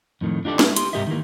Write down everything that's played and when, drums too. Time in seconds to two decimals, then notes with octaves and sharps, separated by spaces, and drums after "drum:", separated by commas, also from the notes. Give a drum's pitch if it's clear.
0.21 F2 A2 D#3
0.45 D4 D#4 F4 G4 A4 D5
0.59 G#3 D#4 E4, drum: snare
0.76 G4 C6, drum: hi-hat
0.93 C2 G#2 G4 A#4 D#5 E5
1.07 D#3 E3 A#3